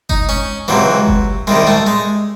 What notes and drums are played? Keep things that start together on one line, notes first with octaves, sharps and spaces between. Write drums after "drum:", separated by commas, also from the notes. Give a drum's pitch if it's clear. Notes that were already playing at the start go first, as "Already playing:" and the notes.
D#4, drum: kick F#1
C#4
C#2 C3 E3 F#3
drum: kick F#1
C2 C3 D#3 G#3
A3
G#3